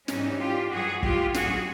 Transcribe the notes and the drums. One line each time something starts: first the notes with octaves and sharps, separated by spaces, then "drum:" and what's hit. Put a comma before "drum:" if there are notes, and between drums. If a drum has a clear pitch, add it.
G#2 E3 G3 C#4 D#4, drum: snare
F4 G4
G2 E3 G3 F#4 G#4
F4 G4, drum: kick
A2 F#3 F#4 G#4, drum: snare